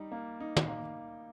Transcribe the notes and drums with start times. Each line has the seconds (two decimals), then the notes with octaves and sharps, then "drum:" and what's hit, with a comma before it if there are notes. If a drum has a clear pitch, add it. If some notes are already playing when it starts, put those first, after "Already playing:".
Already playing: G3 D#4
0.12 A#3
0.40 D#4
0.56 drum: tom
0.68 A#3